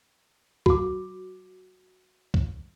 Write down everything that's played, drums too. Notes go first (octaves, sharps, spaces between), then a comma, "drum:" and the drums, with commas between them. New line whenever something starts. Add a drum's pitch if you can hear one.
F#4 D6, drum: kick
drum: kick